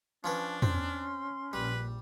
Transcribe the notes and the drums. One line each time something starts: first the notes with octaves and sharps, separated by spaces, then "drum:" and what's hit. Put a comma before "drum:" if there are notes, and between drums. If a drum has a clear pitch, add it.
F3 C#4 D4 B4
C4 C#4 C6, drum: tom
A#1 G3 B4